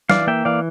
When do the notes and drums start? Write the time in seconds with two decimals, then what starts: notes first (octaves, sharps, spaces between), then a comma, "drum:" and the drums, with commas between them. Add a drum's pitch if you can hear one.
0.10 E3 D5 F5, drum: snare
0.27 A#3 E5 G5
0.45 E3 D5 F5